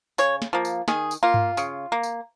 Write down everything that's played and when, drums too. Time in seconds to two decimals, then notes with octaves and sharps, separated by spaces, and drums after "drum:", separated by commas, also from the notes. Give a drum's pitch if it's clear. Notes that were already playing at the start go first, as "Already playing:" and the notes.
0.18 C#3 C#5, drum: tambourine
0.42 drum: snare
0.53 F3 A#3
0.65 drum: tambourine
0.88 D#3 G#4, drum: snare
1.11 drum: tambourine
1.23 A#3 F4
1.34 drum: tom G2
1.57 C#3, drum: tambourine
1.92 A#3
2.03 drum: tambourine